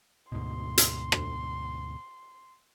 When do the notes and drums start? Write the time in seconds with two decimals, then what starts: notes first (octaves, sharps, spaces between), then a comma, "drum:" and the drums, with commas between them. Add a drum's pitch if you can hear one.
0.32 D2 G#2 B2 C6
0.78 drum: hi-hat
1.12 drum: rim click